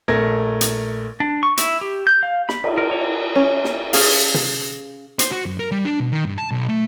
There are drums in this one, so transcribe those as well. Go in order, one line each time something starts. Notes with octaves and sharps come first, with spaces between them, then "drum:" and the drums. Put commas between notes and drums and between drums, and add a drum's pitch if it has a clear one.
A#1 A3 A#4 G#6 A#6
drum: hi-hat
D4
C#6
E4, drum: hi-hat
G4
G6
F5
B5, drum: snare
drum: cymbal
A#4
C#5
C#4
drum: snare
C#4 G#4 F5, drum: open hi-hat
drum: tom
C5, drum: hi-hat
F#4
F#2
A#4
G3
D4
B2
D#3
G2
A5
B1
A3